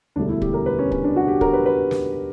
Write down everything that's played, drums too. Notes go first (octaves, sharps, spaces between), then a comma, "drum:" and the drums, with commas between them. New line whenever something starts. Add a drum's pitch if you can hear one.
E1 D2 D3 G3 D4
E4
G4, drum: kick
A#4
B4
C#4
C#4, drum: kick
D4
F#4
G4
A#4, drum: kick
B4
B4
drum: snare